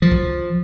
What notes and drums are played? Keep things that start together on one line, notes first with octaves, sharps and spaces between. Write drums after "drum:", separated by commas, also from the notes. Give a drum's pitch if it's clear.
F3
drum: kick